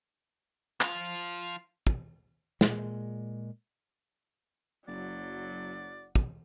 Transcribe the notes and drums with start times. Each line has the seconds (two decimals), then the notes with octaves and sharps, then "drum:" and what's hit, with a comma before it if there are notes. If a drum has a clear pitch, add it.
0.81 F3 F4, drum: clap
1.87 drum: kick
2.61 A#2 G#3, drum: snare
4.88 F#1 F#3 D5
6.15 drum: kick